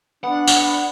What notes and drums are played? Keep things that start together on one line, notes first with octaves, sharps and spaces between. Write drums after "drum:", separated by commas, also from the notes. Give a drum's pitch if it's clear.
B3 D4 F#5
drum: tambourine